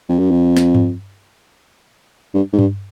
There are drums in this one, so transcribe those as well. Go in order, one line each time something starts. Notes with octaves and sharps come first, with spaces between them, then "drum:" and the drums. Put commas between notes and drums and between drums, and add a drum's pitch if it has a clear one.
F2
F#2
F2
drum: snare
drum: tom G2
G2
G#2
G2, drum: tom G2